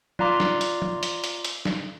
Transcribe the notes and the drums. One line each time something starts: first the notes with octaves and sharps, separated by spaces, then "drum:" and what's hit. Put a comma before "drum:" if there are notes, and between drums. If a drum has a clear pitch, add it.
F4 D5 F5 A#5 C6 D6, drum: tom
drum: snare
drum: hi-hat
drum: tom
drum: hi-hat
drum: hi-hat
drum: hi-hat
drum: snare